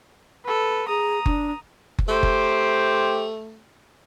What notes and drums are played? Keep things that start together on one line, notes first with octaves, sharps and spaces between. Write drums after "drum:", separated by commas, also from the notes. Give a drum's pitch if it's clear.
A4 B4
G#4 A#5 D#6
D4, drum: kick F#1
drum: kick F#1
A3 G4 C5
drum: kick F#1